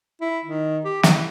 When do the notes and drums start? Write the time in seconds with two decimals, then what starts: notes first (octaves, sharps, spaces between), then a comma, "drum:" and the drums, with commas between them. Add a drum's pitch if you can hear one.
0.21 E4
0.45 D#3
0.85 G4
1.03 E3, drum: snare